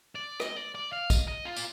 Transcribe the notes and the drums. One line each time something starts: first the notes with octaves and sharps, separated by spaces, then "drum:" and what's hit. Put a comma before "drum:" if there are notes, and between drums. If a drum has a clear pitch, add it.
D5
D#5, drum: rim click
D5
D5
F5
D#5, drum: kick, tambourine
D#5
F4
D5, drum: tambourine